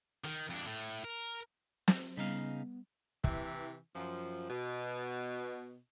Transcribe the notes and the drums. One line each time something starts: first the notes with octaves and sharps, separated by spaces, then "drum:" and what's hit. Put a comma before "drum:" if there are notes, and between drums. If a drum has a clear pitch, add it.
D#3, drum: hi-hat
F2 D4
A2
A#4
drum: snare
C#3 G3 B3 D#4 F5
C3 E3, drum: kick
F#2 F3
B2